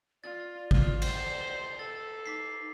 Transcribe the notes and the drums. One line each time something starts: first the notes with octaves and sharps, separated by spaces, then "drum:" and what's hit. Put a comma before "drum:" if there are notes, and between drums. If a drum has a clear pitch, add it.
F4 D5 A6
F4, drum: kick G#1
C5 C7, drum: cymbal
A4 A6
D#4 D6 B6 C7